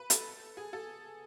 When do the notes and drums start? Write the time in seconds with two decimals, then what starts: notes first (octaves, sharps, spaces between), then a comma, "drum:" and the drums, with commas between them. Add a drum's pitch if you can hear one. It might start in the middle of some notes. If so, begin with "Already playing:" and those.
Already playing: B4
0.10 A4, drum: hi-hat
0.57 G#4
0.73 A4